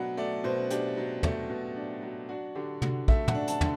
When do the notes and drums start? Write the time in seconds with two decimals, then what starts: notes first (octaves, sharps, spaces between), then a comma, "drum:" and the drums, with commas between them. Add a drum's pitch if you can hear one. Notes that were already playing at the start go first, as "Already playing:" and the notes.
Already playing: B2 F#3 A3 D4 F#5 B5
0.17 A3 D5
0.44 B2 C5
0.70 D4 G4, drum: hi-hat
0.97 F#3
1.23 A3, drum: tom
1.49 B2
1.76 D4
2.02 F#3
2.29 D4 F#4
2.55 D3 G4
2.82 D3 F#4, drum: tom
3.08 A3 E5, drum: kick
3.28 F#5, drum: tom
3.35 D4
3.48 A5, drum: hi-hat
3.61 D3, drum: tom